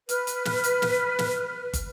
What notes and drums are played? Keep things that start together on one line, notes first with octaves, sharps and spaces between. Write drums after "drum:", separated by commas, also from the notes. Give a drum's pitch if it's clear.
B4 F6, drum: hi-hat
drum: hi-hat
drum: snare
drum: hi-hat
drum: snare
drum: snare
drum: kick, hi-hat